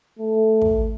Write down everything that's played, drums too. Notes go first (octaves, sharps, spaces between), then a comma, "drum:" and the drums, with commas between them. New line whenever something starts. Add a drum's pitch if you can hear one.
A3
drum: kick